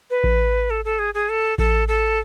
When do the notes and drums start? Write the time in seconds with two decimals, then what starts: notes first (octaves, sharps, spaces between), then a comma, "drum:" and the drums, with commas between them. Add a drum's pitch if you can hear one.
0.10 B4
0.24 drum: kick A1
0.70 A4
0.85 A4
0.99 G#4
1.14 G#4
1.29 A4
1.58 A4, drum: kick A1
1.88 A4